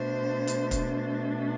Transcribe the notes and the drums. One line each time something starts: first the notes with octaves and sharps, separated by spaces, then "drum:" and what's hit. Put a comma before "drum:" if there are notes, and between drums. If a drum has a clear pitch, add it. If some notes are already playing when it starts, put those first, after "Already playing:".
Already playing: B2 A3 D4 C5
drum: hi-hat
drum: kick, hi-hat